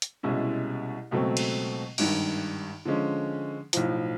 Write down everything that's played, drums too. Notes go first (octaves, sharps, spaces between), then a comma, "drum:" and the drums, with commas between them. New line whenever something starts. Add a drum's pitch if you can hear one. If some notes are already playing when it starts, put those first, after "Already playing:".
drum: hi-hat
C2 B2 G#3 C#4 E4
C#2 B2 F#3 A3 C4
drum: cymbal
G#1 G2 D#3, drum: cymbal
D3 F3 G#3 C#4
B1 A2 F3, drum: hi-hat